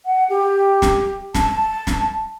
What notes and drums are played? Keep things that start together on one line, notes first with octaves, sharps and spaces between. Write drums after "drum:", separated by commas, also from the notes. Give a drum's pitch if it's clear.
F#5
G4
drum: snare
A5, drum: snare
drum: snare